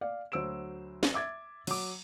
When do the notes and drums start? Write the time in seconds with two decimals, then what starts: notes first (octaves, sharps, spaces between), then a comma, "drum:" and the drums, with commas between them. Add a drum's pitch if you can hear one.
0.01 D5 F5
0.32 D2 F#3 C5 E6 D7 E7
1.03 drum: snare
1.14 E5 D6 G#6 A6
1.67 F#3 D6, drum: cymbal